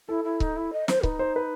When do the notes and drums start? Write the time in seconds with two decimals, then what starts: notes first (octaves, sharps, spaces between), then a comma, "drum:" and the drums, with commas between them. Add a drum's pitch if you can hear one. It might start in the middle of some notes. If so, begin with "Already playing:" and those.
0.08 E4 A4
0.24 E4
0.40 D#4, drum: kick C#1
0.56 E4
0.72 D#5
0.88 C5, drum: snare
1.03 D#4 B4, drum: kick C#1
1.19 C5
1.36 B4